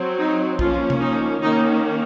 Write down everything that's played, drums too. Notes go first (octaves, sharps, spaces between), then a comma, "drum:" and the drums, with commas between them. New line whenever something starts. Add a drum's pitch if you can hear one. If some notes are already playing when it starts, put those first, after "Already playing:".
Already playing: F#3 C4
D#4
F3 A#3 C#4 F4, drum: kick
drum: tom C3
D#4
D#3 A#3 C#4 D#4